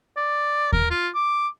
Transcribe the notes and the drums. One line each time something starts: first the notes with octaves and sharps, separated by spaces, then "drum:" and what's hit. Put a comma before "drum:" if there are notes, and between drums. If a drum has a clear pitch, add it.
D5
A#4, drum: kick D#2
F4
D6